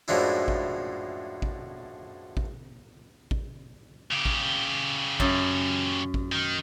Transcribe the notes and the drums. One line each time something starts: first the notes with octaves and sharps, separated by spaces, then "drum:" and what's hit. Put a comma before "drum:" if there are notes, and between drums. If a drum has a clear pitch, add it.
F#2 A2 F3 G#3 D4 E4
drum: kick A1
drum: kick A1
drum: kick A1
drum: kick A1
C#3 G4
drum: kick A1
F#2, drum: kick A1
drum: kick A1
D#3